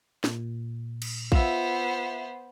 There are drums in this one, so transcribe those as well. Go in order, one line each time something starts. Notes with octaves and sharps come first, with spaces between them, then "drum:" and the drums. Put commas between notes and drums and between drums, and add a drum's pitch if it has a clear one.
A#2, drum: snare
drum: cymbal
B3 F4 C5 E5, drum: kick